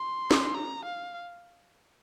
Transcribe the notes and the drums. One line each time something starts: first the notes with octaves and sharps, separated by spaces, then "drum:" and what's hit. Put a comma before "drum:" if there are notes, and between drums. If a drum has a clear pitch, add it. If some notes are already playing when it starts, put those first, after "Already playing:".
Already playing: C6
drum: snare
A#5
F5